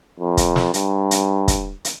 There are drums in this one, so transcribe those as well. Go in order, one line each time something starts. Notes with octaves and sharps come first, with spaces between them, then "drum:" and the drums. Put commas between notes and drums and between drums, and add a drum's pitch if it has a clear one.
F2
drum: kick, hi-hat
drum: snare
G2, drum: hi-hat
drum: hi-hat
drum: kick, hi-hat
drum: hi-hat